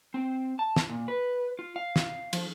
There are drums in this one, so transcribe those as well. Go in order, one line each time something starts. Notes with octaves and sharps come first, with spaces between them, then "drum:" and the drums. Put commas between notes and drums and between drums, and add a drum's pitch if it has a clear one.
C4
A5
drum: snare
A#2
B4
F4
F5
drum: snare
F3, drum: cymbal